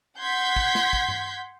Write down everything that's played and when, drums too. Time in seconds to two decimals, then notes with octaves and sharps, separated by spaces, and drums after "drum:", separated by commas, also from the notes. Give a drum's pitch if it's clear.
0.19 F#5 C6 G6 G#6 B6
0.56 drum: kick
0.75 drum: snare
0.93 drum: kick
1.08 drum: tom G2